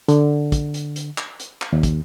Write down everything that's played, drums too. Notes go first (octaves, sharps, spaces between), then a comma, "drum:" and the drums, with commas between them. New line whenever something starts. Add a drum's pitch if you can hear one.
D3, drum: hi-hat
drum: kick, hi-hat
drum: hi-hat
drum: hi-hat
drum: clap
drum: hi-hat
drum: clap
D#2
drum: kick, hi-hat